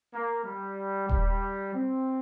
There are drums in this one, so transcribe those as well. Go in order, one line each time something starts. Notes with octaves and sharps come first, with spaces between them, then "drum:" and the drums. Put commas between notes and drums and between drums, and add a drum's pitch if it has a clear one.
A#3
G3
G3, drum: kick D#1
C4